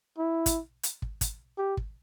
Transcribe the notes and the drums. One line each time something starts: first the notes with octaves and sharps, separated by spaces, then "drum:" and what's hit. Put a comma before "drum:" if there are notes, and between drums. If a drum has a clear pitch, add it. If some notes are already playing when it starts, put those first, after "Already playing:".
E4
drum: kick, hi-hat
drum: hi-hat
drum: kick
drum: kick, hi-hat
G4
drum: kick